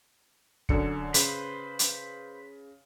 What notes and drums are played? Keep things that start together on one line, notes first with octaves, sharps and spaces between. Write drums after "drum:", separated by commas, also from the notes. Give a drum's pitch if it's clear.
F#2 D3 C#7, drum: kick
C#3 B4 C5, drum: hi-hat
drum: hi-hat